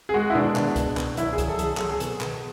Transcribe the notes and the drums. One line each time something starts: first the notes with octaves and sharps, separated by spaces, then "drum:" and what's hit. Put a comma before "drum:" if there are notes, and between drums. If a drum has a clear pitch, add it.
G#4
G#3 F#4
E4
B2 D4
B2 D4, drum: clap
B2, drum: kick C2, hi-hat
B2, drum: clap
F#3 E4, drum: hi-hat
G#4
F#3, drum: kick C2, hi-hat
A4
F#3 G#4, drum: hi-hat
F#3 A4, drum: clap
G#4
B2, drum: hi-hat
B2, drum: clap